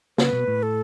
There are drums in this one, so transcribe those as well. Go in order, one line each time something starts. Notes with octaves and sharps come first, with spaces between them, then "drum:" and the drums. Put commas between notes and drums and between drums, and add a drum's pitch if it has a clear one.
C#3 B4, drum: snare
B2
A2
A4